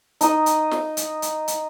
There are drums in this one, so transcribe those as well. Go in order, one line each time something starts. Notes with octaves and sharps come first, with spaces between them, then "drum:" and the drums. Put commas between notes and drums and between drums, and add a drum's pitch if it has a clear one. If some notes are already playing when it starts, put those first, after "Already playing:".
D#4 D#5, drum: hi-hat
drum: hi-hat
drum: snare
drum: hi-hat
drum: hi-hat
drum: hi-hat